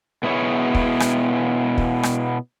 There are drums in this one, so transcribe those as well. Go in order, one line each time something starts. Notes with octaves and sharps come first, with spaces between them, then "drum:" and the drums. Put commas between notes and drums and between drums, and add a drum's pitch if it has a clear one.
B2 B3 E4 G#4 C#5
drum: kick
drum: rim click
drum: kick
drum: rim click